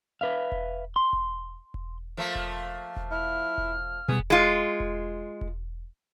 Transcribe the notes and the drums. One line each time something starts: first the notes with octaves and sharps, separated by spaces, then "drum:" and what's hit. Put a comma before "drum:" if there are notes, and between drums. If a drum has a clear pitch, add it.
B4 E5 F5
drum: kick E1
C6
drum: kick E1
drum: kick E1
F3 A3 A#3
drum: kick E1
drum: kick E1
E4 F6
drum: kick E1
B2 G3 B3 G#4
drum: kick E1
G#3 F4
drum: kick E1
drum: kick E1